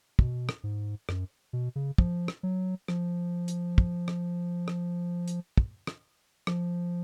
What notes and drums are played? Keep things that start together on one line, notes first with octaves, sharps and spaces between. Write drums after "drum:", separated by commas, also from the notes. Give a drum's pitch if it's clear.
B2, drum: kick
drum: rim click
G#2
F#2, drum: rim click
B2
C#3
F3, drum: kick
drum: rim click
F#3
F3, drum: rim click
drum: hi-hat
drum: kick
drum: rim click
drum: rim click
drum: hi-hat
drum: kick
drum: rim click
F3, drum: rim click